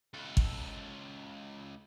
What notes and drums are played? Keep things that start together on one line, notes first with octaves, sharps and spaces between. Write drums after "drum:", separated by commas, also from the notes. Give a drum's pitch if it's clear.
C#2 A4
drum: kick G#1